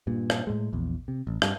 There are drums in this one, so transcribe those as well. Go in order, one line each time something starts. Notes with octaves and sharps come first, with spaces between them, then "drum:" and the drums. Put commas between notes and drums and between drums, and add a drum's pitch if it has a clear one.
G2 A#2
drum: rim click
A2 G#3
A#1 E2
C3
A1
G2 G3, drum: rim click